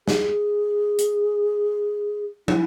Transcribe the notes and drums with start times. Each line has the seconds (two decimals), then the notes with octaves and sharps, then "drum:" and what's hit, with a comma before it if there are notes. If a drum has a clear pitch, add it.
0.08 G#4, drum: snare
0.99 drum: hi-hat
2.48 E4, drum: tom